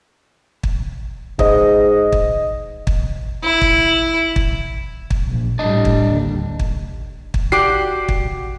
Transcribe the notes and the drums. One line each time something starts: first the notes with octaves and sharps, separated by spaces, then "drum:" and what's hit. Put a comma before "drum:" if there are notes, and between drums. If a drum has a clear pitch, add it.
drum: kick
G#2 D#5, drum: kick
drum: kick
drum: kick
E4
drum: kick
drum: kick
drum: kick
A#1
A2 G3 D4 D5 D#5
drum: kick
D#2 D3
drum: kick
drum: kick
F#4 G4 D5 D6 C7
drum: kick